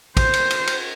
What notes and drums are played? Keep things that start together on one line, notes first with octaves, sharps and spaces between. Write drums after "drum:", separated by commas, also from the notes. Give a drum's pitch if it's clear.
C5, drum: kick, cymbal
drum: cymbal
drum: cymbal
drum: cymbal